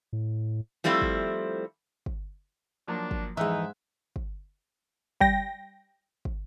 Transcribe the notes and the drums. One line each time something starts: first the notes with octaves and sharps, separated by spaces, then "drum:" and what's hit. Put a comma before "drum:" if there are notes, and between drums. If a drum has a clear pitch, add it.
A2
F3 G3 A3 C4 E4
drum: kick
drum: kick
F3 F#3 A#3 D4
drum: kick
F2 G#2 E3 D#4 E5 F#6
drum: kick
G3 G5 A#6, drum: kick
drum: kick